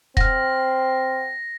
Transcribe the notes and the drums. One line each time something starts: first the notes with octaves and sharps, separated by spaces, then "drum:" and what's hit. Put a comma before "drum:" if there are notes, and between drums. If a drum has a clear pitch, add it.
C4 F#5 F6 A#6, drum: kick E1